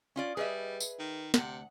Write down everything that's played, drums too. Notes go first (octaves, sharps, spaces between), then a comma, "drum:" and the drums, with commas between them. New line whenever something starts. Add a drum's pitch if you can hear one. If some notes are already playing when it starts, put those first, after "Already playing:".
C#4 F4 D5
G3 G#4 B4 D#5 E5
drum: tambourine
D#3
D2 C3 F#5, drum: snare